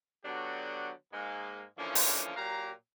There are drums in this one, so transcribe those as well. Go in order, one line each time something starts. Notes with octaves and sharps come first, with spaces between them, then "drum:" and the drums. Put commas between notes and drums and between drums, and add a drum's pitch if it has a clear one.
D3 F#3 B3 D4 F#4 G4
G#2 G#3 A#3
D3 E3 F3 A#3 C#4
drum: open hi-hat
A#2 F#3 G4 F5 A#5